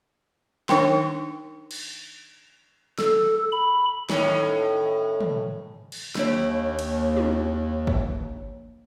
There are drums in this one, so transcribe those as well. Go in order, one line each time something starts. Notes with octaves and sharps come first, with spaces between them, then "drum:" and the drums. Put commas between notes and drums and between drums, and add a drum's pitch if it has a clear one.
D#3 D4 D#4 A#4 G5 C6, drum: snare
drum: cymbal
A4, drum: snare
B5
A2 D#3 C#4, drum: snare
drum: tom
drum: cymbal
D#2 A#3 D4 C#5, drum: snare
drum: cymbal
drum: tom
drum: kick